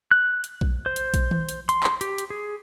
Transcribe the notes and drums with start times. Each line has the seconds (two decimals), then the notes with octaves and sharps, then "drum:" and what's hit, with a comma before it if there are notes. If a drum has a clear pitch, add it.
0.11 F#6
0.44 drum: hi-hat
0.61 drum: kick A#1
0.86 C5
0.96 drum: hi-hat
1.14 drum: kick A#1, hi-hat
1.31 drum: tom D#3
1.49 drum: hi-hat
1.69 C6, drum: hi-hat
1.83 drum: clap
2.01 G4, drum: hi-hat
2.18 drum: hi-hat
2.30 G#4